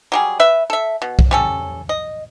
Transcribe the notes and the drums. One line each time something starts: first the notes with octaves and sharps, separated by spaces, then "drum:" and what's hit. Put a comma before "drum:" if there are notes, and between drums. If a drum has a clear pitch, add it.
F#3 G3 G#4
B4 E5
A4 E5
B2
drum: kick
G3 C#4 A4
D#5